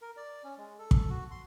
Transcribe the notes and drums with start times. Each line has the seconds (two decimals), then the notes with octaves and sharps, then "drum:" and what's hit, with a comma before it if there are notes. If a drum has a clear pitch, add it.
0.02 A#4
0.17 D5
0.44 C#4
0.58 G#3
0.79 A4
0.91 drum: kick
1.10 F#4
1.31 C6